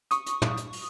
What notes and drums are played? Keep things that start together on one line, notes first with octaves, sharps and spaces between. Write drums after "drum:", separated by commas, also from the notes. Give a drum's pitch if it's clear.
C#6 D#6, drum: hi-hat
drum: hi-hat
drum: tom
drum: hi-hat
drum: open hi-hat